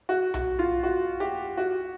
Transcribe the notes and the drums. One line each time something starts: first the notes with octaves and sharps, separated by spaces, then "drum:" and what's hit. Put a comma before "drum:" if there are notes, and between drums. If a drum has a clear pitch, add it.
F#4
F#4, drum: tom B1
F4
F#4
G4
F#4